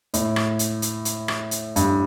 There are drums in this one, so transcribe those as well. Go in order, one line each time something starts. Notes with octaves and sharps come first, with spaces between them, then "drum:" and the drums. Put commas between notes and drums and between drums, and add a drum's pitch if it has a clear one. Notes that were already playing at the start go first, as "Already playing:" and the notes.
A2, drum: hi-hat
drum: rim click
drum: hi-hat
drum: hi-hat
drum: hi-hat
drum: rim click
drum: hi-hat
G2, drum: hi-hat